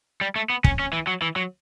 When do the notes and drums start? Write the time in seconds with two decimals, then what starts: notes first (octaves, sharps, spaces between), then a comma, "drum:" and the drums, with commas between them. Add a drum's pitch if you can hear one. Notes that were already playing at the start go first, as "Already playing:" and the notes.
0.21 G3
0.36 A3
0.50 B3
0.64 C#4, drum: kick
0.79 C#4
0.93 E3
1.07 F#3
1.22 E3
1.36 F#3